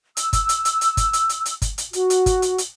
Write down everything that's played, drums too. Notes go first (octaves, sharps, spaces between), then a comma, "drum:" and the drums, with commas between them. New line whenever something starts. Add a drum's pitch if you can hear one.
E6, drum: hi-hat
drum: kick G1, hi-hat
drum: hi-hat
drum: hi-hat
drum: hi-hat
drum: kick G1, hi-hat
drum: hi-hat
drum: hi-hat
drum: hi-hat
drum: kick G1, hi-hat
drum: hi-hat
F#4, drum: hi-hat
drum: hi-hat
drum: kick G1, hi-hat
drum: hi-hat
drum: hi-hat